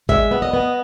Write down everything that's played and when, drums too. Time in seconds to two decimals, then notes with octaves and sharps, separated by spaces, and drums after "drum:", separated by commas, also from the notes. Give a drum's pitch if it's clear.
0.09 G#3 E5, drum: kick
0.31 B3
0.42 D#5
0.54 B3